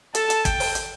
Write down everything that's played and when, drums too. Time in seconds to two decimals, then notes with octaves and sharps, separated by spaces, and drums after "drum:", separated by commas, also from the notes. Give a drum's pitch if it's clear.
0.15 A4 A5, drum: hi-hat
0.30 drum: hi-hat
0.45 G5, drum: kick, hi-hat
0.60 drum: open hi-hat
0.75 drum: hi-hat